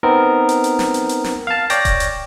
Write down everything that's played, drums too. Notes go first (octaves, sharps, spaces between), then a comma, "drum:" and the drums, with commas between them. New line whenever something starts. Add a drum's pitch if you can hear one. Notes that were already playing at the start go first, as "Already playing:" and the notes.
B3 C4 D#4 A#4
drum: hi-hat
drum: hi-hat
drum: snare
drum: hi-hat
drum: hi-hat
drum: snare
F5 A5
C#5 D5 G5 A#6, drum: hi-hat
drum: kick D#1, hi-hat
drum: hi-hat